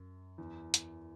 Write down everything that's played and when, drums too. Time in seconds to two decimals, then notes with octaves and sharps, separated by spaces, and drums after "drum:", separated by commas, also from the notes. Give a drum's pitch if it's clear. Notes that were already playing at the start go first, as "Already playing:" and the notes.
Already playing: F#2
0.38 E2
0.74 drum: hi-hat